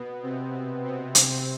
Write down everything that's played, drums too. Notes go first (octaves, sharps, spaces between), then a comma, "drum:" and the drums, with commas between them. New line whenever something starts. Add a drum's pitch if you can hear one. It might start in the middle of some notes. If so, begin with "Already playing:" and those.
Already playing: B2 B3
C3 C4
C3 C4
C3 C4
C3 C4, drum: hi-hat